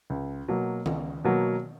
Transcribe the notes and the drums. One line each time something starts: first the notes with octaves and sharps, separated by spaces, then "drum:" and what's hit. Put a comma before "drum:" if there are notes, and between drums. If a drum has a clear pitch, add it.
C#2
B2 F#3 A#3
C#2, drum: tom D#3
B2 F#3 A#3